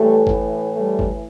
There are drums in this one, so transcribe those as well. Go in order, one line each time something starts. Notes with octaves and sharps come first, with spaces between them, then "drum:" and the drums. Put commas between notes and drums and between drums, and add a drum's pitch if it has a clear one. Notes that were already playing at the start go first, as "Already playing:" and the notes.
Already playing: A2 E3 G3 A3
drum: kick G#1
G3 A3
drum: kick G#1